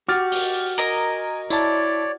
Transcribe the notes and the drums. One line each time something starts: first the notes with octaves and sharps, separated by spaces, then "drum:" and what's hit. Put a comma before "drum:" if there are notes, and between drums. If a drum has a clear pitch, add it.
F#4 G4 D6 F6 A6
drum: open hi-hat
A#4 D#5 G#5 D#6
E4 C#5 D5 A5, drum: tambourine